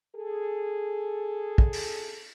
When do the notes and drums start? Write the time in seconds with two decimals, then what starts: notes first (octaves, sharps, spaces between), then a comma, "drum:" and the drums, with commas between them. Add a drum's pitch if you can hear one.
0.16 G#4 A4
1.58 drum: kick
1.73 drum: open hi-hat